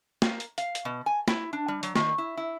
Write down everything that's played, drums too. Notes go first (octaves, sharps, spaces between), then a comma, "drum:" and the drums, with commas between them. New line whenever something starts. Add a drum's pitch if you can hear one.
A#3, drum: snare
drum: hi-hat
F5, drum: hi-hat
drum: hi-hat
B2
G#5
E4, drum: snare
D4
G3
F#3, drum: hi-hat
D#3, drum: snare
E4
E4